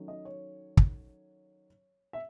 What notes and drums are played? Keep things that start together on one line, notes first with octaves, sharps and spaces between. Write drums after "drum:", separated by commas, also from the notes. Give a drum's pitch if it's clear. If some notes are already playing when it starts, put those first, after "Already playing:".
Already playing: D#3 F#3 A3 C#4
D#5
C#5
drum: kick
E5